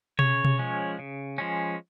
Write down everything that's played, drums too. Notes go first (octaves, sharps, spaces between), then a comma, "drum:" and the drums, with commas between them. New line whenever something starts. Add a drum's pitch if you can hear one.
C#3 C#5, drum: tom B2
drum: tom B2
F3 G#3 C#4
C#3
F3 G#3 C#4